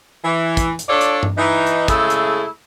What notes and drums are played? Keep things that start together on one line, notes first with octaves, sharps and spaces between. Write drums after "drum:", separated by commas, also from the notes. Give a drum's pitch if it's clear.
E3
drum: kick, hi-hat
drum: hi-hat
D4 F4 A4 C#5 D5
drum: hi-hat
drum: tom G2
E3 D#4
drum: hi-hat
C#3 G#3 A3 E4 G#4 A4, drum: kick, hi-hat
drum: hi-hat